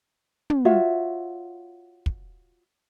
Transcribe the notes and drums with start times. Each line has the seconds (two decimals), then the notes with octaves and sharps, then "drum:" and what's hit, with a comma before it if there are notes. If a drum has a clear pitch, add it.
0.50 drum: tom
0.65 F4 F#4 C#5 E5
2.06 drum: kick